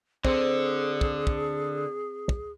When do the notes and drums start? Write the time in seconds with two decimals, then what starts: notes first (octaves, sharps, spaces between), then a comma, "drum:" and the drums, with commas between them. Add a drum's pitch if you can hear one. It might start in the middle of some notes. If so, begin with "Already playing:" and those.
0.25 D3 C4 G#4, drum: kick
1.01 drum: kick
1.27 drum: kick
2.29 drum: kick